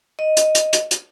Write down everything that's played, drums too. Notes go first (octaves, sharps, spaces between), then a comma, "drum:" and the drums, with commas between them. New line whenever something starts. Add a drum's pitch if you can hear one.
D#5
drum: hi-hat
drum: hi-hat
drum: hi-hat
drum: hi-hat